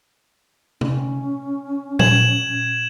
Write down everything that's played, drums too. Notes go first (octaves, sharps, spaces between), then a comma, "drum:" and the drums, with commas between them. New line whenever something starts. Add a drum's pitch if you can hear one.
C#4, drum: tom C3
G#6 E7 F#7, drum: tom A#2